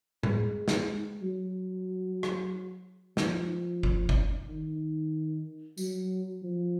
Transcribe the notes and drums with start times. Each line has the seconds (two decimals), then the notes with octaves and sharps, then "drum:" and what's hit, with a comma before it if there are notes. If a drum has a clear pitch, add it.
0.23 G#3, drum: tom A2
0.68 drum: snare
1.22 F#3
2.23 drum: rim click
3.17 F3, drum: snare
3.83 drum: kick G1
4.09 drum: kick G1
4.48 D#3
5.78 F#3, drum: tambourine
6.43 F3